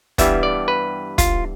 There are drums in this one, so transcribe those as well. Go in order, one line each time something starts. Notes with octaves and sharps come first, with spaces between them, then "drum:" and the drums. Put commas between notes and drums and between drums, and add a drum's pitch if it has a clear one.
G2 E3 G3 B3 E5, drum: kick, hi-hat
D5
B4
F4, drum: kick, hi-hat